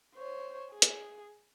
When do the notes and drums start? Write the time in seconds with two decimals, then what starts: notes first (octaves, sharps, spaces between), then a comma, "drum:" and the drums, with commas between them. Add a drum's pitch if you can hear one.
0.16 C5 C#5
0.72 G#4
0.82 drum: hi-hat